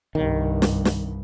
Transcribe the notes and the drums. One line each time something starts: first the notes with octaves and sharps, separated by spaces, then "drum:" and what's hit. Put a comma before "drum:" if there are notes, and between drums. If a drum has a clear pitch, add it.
C2 G2 D#3
drum: snare
drum: snare